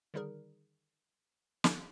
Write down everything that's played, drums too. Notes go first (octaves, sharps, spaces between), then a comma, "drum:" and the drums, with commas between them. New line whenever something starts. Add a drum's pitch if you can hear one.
D3 D#3 G3 D#4 G#4 A#4
drum: snare